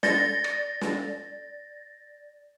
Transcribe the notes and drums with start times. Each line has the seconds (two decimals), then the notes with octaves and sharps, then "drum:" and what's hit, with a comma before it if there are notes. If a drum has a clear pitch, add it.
0.03 D5 A6 A#6, drum: snare
0.44 drum: rim click
0.81 drum: snare